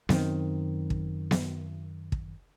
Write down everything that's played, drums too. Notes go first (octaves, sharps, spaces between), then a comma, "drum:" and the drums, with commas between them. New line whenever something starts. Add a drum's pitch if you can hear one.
F#2 D#3 C4, drum: snare B3
drum: kick
drum: snare B3
drum: kick